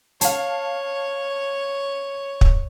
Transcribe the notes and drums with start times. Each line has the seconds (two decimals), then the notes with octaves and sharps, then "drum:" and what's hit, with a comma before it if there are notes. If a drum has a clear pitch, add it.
0.21 C#5 F5 A5, drum: hi-hat
2.41 drum: kick